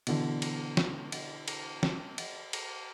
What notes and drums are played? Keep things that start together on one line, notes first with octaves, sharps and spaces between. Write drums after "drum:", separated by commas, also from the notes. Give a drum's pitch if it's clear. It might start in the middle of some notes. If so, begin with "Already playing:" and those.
B2 D3 E3, drum: cymbal
drum: cymbal
drum: snare
drum: cymbal
drum: cymbal
drum: snare
drum: cymbal
drum: cymbal